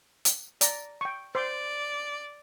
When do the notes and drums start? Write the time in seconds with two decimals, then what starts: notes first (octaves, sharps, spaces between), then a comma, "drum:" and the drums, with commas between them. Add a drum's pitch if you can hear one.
0.25 drum: hi-hat
0.61 D5 A#5, drum: hi-hat
1.01 G5 C#6
1.35 C5 D5 C6 D6